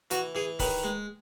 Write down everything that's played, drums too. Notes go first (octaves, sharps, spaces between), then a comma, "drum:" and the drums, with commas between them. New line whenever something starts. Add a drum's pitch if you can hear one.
E3 F#4, drum: hi-hat
E3 G#4
D#3 B4, drum: kick C#1, open hi-hat
G#3